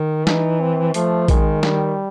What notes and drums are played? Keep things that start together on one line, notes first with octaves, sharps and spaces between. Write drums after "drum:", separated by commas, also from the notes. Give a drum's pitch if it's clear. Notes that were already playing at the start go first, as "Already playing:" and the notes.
Already playing: D#3
E3 D#4, drum: snare
C4
F3 A3, drum: hi-hat
D#3 G#3, drum: kick A#1, hi-hat
G3, drum: snare